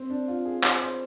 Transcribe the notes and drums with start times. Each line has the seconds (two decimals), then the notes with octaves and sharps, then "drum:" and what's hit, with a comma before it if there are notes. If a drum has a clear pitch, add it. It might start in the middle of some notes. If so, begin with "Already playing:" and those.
Already playing: C4
0.10 D4
0.28 F4
0.45 G#4
0.64 C5, drum: clap
0.82 C5